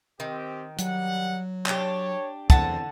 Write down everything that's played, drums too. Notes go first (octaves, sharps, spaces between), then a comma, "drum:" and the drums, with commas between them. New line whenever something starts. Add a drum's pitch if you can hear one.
D#3 C4 G4
F#3 G3 F#5, drum: hi-hat
D4 G4 C#5, drum: clap
E2 D3 C4 F#5 A5, drum: kick